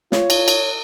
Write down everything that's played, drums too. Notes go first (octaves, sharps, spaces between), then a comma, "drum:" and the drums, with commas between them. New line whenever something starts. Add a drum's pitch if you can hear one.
F4 C#5, drum: snare
drum: cymbal
drum: cymbal